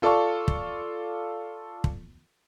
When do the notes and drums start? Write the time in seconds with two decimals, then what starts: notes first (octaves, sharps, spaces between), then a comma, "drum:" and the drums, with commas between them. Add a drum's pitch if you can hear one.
0.02 F4 A4 D5 F5 A5 C#6
0.48 drum: kick
1.84 drum: kick